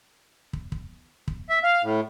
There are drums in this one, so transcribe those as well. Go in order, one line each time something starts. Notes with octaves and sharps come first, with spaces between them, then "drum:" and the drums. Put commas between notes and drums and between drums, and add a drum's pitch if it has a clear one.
drum: kick
drum: kick
drum: kick
E5
F5
A2